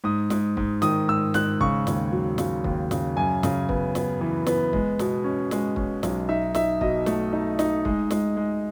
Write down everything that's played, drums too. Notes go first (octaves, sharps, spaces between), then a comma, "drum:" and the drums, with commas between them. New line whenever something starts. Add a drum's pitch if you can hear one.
G#2 D#6
G#2, drum: snare
G#2, drum: kick
D#3 D#6, drum: snare
G#2 E6
G#2 F#6, drum: snare
C#3 C#6, drum: kick
D#2, drum: snare
F#3
C#3, drum: snare
D#2, drum: kick
C#3, drum: snare
F#2 G#5
C#3, drum: snare
B3, drum: kick
B3, drum: snare
E3
B3, drum: snare
G#3, drum: kick
B2, drum: snare
C#4
G#3, drum: snare
C#4, drum: kick
B1, drum: snare
D#4 E5
D#4 E5, drum: snare
B2 D#5, drum: kick
A3, drum: snare
D#4
D#4, drum: snare
G#3, drum: kick
G#3, drum: snare
G#3